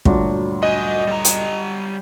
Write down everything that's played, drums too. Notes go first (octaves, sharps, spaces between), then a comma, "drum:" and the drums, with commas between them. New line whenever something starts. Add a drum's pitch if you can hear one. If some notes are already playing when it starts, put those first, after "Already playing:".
D2 G2 A#2 F#3 D4, drum: kick
F#4 D#5 G#5
G3 A#5
drum: hi-hat